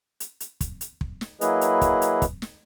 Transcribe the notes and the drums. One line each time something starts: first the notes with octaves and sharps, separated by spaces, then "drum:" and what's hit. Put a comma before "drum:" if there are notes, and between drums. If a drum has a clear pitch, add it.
drum: hi-hat
drum: hi-hat
drum: kick, hi-hat
drum: hi-hat
drum: kick
drum: snare
F#3 A#3 E4 G#4 B4 D#5, drum: hi-hat
drum: hi-hat
drum: kick, hi-hat
drum: hi-hat
drum: kick, hi-hat
drum: snare